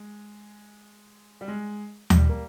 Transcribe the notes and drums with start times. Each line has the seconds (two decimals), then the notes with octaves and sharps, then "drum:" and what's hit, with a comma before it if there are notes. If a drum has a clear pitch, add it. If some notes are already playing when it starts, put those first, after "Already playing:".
Already playing: G#3
1.41 G3
1.48 G#3
2.10 G3, drum: tom D#2
2.29 A#3